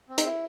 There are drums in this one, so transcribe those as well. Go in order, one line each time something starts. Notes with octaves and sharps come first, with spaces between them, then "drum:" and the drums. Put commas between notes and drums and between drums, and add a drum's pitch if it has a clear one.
C4
D#4, drum: hi-hat
E4